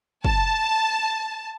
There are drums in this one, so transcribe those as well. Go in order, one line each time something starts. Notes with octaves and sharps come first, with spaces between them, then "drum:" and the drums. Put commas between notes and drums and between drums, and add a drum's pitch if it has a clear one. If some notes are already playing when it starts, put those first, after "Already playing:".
A5, drum: kick